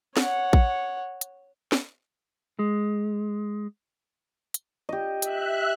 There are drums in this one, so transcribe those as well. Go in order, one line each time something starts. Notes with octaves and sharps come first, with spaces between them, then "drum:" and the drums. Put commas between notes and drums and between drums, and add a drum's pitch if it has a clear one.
C#5 F#5, drum: snare
drum: kick
drum: hi-hat
drum: snare
G#3
drum: hi-hat
G4 D#5
E5 F#6, drum: hi-hat